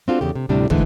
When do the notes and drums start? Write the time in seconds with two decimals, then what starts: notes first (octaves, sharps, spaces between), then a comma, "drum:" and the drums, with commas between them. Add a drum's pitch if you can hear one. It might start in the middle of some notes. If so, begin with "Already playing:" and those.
0.08 C4 D4 F4 F#4 A4
0.21 E2 C#3 G4
0.35 C3
0.49 D2 A2 C3 G3 D4
0.70 G#2 D3 E3 G#3 A3, drum: kick